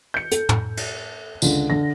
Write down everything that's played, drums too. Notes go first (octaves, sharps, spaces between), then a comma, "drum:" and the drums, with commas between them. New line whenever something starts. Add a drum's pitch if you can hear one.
G6 C#7
A4, drum: hi-hat
drum: tom
drum: cymbal
C#2 D3, drum: tambourine
D3 A#6